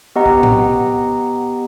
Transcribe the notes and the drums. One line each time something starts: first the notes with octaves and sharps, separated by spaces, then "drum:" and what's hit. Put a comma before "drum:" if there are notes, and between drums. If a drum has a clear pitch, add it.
B3 G4 D#5 F#5 A#5
drum: kick B1
drum: tom A2